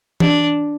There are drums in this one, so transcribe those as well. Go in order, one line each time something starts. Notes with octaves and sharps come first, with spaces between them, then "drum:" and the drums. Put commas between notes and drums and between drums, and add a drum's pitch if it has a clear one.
D4, drum: tom E3